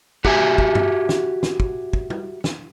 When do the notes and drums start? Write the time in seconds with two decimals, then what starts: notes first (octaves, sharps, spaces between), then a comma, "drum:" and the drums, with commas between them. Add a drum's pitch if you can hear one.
0.25 F#4 G4 E5 G#5, drum: kick
0.58 drum: kick
0.75 drum: tom G2
1.09 drum: snare
1.43 drum: snare
1.60 drum: kick
1.93 drum: kick
2.10 drum: tom
2.44 drum: snare